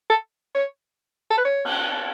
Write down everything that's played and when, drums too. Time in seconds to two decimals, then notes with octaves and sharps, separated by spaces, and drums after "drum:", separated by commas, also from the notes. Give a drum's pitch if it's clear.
0.10 A4
0.55 C#5
1.31 A4
1.38 B4
1.45 C#5
1.65 drum: cymbal